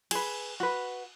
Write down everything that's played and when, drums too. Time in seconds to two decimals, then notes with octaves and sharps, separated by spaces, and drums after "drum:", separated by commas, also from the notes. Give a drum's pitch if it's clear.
0.11 G#4 B4, drum: cymbal
0.60 F#4 B4